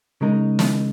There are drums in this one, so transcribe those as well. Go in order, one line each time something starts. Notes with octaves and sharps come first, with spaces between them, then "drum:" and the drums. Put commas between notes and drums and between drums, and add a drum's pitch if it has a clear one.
C#3 G#3 D#4 A#4
drum: snare